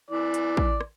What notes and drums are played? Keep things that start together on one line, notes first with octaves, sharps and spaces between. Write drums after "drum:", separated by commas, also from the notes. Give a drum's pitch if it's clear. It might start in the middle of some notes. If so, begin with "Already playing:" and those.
E3 D5
drum: hi-hat
drum: kick
drum: rim click